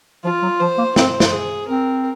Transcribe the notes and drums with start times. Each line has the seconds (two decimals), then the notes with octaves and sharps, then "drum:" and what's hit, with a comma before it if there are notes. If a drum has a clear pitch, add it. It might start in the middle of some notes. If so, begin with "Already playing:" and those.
0.24 F3 F4
0.42 F#3
0.60 F3 C5
0.78 A#3
0.96 C4 C5, drum: snare
1.20 drum: snare
1.32 G#4
1.68 C4 A#4